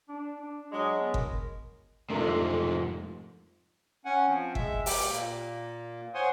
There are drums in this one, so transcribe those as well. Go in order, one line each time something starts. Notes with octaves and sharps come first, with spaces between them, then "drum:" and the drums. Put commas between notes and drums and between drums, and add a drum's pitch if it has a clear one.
D4
D4
F#3 G#3
B3
A#4, drum: kick G1
F2 G#2 C3 A3 D4 A#4
C#4 F#5 G#5
F3 C4
G#3 E5, drum: kick G1
G4, drum: open hi-hat
A#2 A#3
C5 C#5 F#5 G#5 C6 D#6